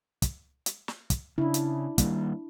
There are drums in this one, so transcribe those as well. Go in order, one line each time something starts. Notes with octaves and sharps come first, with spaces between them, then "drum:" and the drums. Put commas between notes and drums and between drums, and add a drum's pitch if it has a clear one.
drum: kick, hi-hat
drum: hi-hat
drum: snare
drum: kick, hi-hat
C#3 D4 E4
drum: hi-hat
D#3 G3 A#3, drum: kick, hi-hat